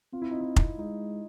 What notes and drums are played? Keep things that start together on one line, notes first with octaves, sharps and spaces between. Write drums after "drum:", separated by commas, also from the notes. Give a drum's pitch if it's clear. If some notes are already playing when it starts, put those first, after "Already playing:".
C4 F4
E4
D#4
E4
drum: kick F1
G#3 D#4